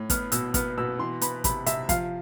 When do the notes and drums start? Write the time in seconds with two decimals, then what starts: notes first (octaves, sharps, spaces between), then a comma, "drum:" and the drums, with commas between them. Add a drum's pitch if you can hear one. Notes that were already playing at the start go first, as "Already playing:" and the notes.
Already playing: A2
0.10 B3 F6, drum: kick, hi-hat
0.32 B2 E6, drum: hi-hat
0.54 B3 F6, drum: kick, hi-hat
0.78 B2 E6
0.99 E3 C6
1.21 B3 B5, drum: hi-hat
1.44 C3 B5, drum: kick, hi-hat
1.66 C3 E5, drum: hi-hat
1.89 F3 F5, drum: kick, hi-hat